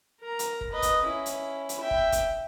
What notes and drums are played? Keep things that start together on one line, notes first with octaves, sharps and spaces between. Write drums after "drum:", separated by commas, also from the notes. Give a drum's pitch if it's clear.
A#4 A#5
drum: hi-hat
drum: kick
B4 D#5
drum: kick, hi-hat
C#4 E4
drum: hi-hat
drum: hi-hat
E5 G5
drum: kick
drum: kick, hi-hat